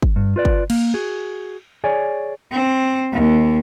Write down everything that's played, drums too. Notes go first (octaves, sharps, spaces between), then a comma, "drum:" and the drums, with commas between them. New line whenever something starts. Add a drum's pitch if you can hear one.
drum: kick
G2
F4 B4 D5
drum: kick
A#3, drum: cymbal
F#4 G#4
G#4 C#5 D5 G#5
C4
D#2